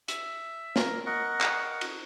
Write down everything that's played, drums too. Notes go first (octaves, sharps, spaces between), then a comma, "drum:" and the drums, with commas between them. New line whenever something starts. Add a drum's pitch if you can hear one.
E5, drum: hi-hat
A#4, drum: snare
A#4 D#5 F#5 C#6
drum: clap
drum: cymbal